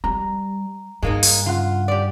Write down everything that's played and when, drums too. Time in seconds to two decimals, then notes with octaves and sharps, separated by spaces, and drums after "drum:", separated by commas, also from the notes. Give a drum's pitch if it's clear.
0.04 G3 A#5
1.03 G2 G#3 A#3 D#4
1.23 drum: open hi-hat
1.46 C#3 F4 F#5
1.88 G4 D5